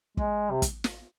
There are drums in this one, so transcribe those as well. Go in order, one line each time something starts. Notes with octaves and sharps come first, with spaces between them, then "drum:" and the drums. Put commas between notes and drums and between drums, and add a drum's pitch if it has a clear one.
G#3, drum: kick
C3
drum: kick, hi-hat
drum: snare